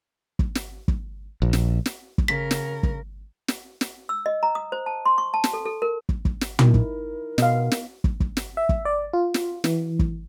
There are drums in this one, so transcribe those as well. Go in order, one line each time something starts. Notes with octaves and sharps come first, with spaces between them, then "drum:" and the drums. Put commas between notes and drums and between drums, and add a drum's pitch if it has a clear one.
drum: kick
drum: snare
drum: kick
A#1
drum: snare
drum: snare
drum: kick
C#3 A#4 B6
drum: snare
drum: kick
drum: snare
drum: snare
E6
D#5
A#5
D#6
C5
A5
C6
C#6
A5
drum: snare
A4
A4
A#4
drum: kick
drum: kick
drum: snare
D#4 E4 A#4, drum: tom
drum: kick
B2 B3 D#5 F5, drum: snare
drum: snare
drum: kick
drum: kick
drum: snare
E5
drum: kick
D5
F4
drum: snare
E3, drum: snare
drum: kick